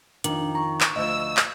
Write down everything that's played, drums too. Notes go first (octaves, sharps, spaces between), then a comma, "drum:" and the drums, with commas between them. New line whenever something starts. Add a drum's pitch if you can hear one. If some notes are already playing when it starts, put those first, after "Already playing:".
F2 G#2 D#3 D4, drum: hi-hat
A#5 C#6
drum: clap
D2 F3 D#5 E6
drum: clap